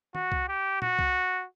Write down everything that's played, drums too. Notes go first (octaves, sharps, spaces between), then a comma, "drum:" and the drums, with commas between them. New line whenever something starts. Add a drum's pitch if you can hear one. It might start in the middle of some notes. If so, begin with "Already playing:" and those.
F#4, drum: tom
drum: kick C2
G4
F#4, drum: tom
drum: kick C2